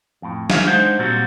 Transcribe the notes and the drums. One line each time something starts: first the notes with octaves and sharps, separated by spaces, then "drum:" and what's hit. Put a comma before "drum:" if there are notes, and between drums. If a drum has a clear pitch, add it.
F2 A2
E3 F5, drum: snare
G#3 D4 D#4 C5 F#5
A#2 F#3 G3 C4 F#4